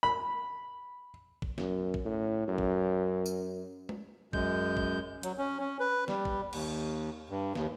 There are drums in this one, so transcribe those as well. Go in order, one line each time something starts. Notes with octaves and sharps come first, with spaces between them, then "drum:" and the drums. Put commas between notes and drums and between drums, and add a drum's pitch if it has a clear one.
B5
drum: kick
F#2, drum: snare
drum: kick
A2
F#2
drum: kick
drum: tambourine
drum: tom G#3
F#2 G#3 G6, drum: kick
drum: kick
F#3, drum: hi-hat
C#4
C#4
B4
G3, drum: snare
drum: kick
D#2, drum: cymbal
G2
D#2, drum: snare